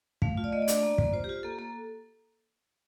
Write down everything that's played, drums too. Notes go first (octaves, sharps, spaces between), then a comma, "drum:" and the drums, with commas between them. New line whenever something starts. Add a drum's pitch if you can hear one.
A3 F5, drum: kick
F4
D5
A3 D#5
D5
D4, drum: hi-hat
D5
A#3
A#3, drum: kick
F4 C5
G4
F4
A#3 A4
A#3 A4